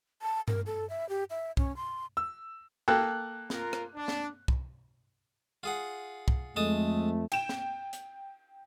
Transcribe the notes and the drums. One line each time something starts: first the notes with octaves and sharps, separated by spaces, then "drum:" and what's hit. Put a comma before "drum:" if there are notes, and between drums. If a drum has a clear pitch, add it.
A5
A#4, drum: tom G2
A4
E5
G4
E5
C#4, drum: kick C2
C6
E6
A#3 A4 G5 F#6
F4 A#4, drum: snare
drum: rim click
D4
drum: snare
drum: kick C2
F4 G#4 F#5
drum: kick C2
F2 G#3 A3 A5 D#6
G5 E7, drum: cymbal
drum: snare
drum: hi-hat